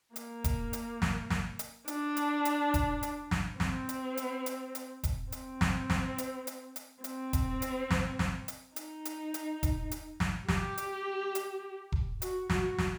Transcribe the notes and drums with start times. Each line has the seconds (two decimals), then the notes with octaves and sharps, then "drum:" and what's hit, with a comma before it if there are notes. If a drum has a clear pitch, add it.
0.16 A#3, drum: hi-hat
0.44 drum: kick E1, hi-hat
0.73 drum: hi-hat
1.02 drum: snare
1.30 drum: snare
1.59 drum: hi-hat
1.88 D4, drum: hi-hat
2.17 drum: hi-hat
2.45 drum: hi-hat
2.74 drum: kick E1, hi-hat
3.03 drum: hi-hat
3.31 drum: snare
3.60 C4, drum: snare
3.89 drum: hi-hat
4.17 drum: hi-hat
4.46 drum: hi-hat
4.75 drum: hi-hat
5.04 drum: kick E1, hi-hat
5.32 C4, drum: hi-hat
5.61 drum: snare
5.90 drum: snare
6.18 drum: hi-hat
6.47 drum: hi-hat
6.76 drum: hi-hat
7.04 C4, drum: hi-hat
7.33 drum: kick E1, hi-hat
7.62 drum: hi-hat
7.91 drum: snare
8.19 drum: snare
8.48 drum: hi-hat
8.76 D#4, drum: hi-hat
9.05 drum: hi-hat
9.34 drum: hi-hat
9.63 drum: kick E1, hi-hat
9.91 drum: hi-hat
10.20 drum: snare
10.48 G4, drum: snare
10.78 drum: hi-hat
11.35 drum: hi-hat
11.92 drum: kick E1
12.22 F#4, drum: hi-hat
12.50 F#4, drum: snare
12.78 drum: snare